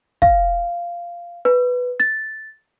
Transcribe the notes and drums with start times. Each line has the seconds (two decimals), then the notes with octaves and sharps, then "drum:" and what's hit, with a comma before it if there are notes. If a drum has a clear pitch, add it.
0.22 F5, drum: kick
1.45 B4
2.00 A6